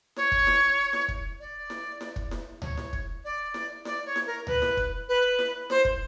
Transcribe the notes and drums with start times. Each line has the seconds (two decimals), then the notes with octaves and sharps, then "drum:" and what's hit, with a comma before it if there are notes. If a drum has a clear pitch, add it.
0.16 C#5, drum: snare E4
0.32 drum: kick
0.47 drum: snare E4
0.93 drum: snare E4
1.08 drum: kick
1.40 D5
1.70 drum: snare E4
2.01 drum: snare E4
2.16 drum: kick
2.31 drum: snare E4
2.62 C#5, drum: tom C#2
2.77 drum: snare E4
2.93 drum: kick
3.24 D5
3.54 drum: snare E4
3.85 D5, drum: snare E4
4.05 C#5
4.16 drum: snare E4
4.26 A#4
4.47 B4, drum: tom C#2
4.62 drum: snare E4
4.77 drum: kick
5.08 B4
5.39 drum: snare E4
5.70 C5, drum: snare E4
5.85 drum: kick